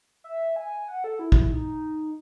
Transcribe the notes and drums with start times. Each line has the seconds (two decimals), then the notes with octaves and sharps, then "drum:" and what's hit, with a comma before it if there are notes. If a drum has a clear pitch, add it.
0.24 E5
0.56 G#5
0.88 F#5
1.04 A4
1.19 E4
1.32 drum: kick
1.51 D#4